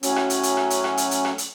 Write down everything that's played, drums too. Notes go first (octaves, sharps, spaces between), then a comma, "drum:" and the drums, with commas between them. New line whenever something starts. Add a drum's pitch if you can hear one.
A2 F#3 C#4, drum: hi-hat
drum: rim click
drum: hi-hat
drum: hi-hat
drum: rim click
drum: hi-hat
drum: rim click
drum: hi-hat
drum: hi-hat
drum: rim click
drum: hi-hat